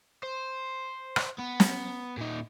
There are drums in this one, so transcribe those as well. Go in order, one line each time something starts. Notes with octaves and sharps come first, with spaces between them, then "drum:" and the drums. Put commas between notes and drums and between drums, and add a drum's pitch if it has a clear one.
C5
drum: rim click
B3
drum: snare
A#2 D#4